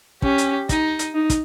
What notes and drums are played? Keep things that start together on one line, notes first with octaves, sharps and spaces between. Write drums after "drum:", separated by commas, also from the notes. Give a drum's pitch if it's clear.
C#4 G4, drum: kick
drum: hi-hat
D#4, drum: kick, hi-hat
drum: hi-hat
D#4
drum: kick, hi-hat